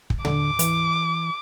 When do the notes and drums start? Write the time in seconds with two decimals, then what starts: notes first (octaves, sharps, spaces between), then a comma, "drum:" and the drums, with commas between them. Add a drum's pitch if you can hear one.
0.10 drum: kick
0.25 D3 D6, drum: tom
0.59 E3, drum: hi-hat